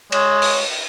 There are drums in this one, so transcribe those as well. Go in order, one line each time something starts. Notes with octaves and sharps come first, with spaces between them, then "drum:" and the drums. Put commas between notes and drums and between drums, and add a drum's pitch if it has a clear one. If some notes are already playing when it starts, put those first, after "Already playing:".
G#3 C#5, drum: cymbal
drum: open hi-hat